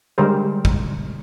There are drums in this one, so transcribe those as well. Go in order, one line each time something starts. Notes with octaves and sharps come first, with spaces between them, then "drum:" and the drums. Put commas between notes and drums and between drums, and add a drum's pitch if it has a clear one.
D3 G3 G#3 A#4 C5
drum: kick